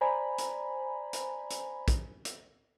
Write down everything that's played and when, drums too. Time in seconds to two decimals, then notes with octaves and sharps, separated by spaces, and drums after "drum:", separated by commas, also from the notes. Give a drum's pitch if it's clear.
0.01 C5 D5 G#5 A#5 B5
0.38 drum: hi-hat
1.13 drum: hi-hat
1.50 drum: hi-hat
1.88 drum: kick, hi-hat
2.25 drum: hi-hat